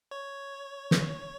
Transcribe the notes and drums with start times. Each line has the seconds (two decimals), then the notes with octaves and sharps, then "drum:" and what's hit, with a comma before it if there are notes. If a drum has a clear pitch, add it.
0.11 C#5
0.91 drum: snare